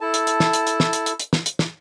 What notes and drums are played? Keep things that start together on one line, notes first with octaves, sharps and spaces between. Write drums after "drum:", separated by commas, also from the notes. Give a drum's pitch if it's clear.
E4 A4 A5
drum: hi-hat
drum: hi-hat
drum: snare
drum: hi-hat
drum: hi-hat
drum: snare
drum: hi-hat
drum: hi-hat
drum: hi-hat
drum: snare
drum: hi-hat
drum: snare